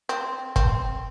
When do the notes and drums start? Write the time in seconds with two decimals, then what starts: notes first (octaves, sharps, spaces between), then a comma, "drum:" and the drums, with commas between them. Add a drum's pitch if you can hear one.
0.09 C4
0.56 C4, drum: kick